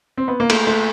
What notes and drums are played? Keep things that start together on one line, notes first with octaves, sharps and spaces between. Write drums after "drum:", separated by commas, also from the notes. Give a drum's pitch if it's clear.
C4
B3
A#3
A3, drum: cymbal
A3